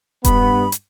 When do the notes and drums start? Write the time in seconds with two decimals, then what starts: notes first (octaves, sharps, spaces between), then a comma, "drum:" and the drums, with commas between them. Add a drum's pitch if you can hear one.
0.25 G2 B3 B5, drum: kick E1, hi-hat
0.72 drum: hi-hat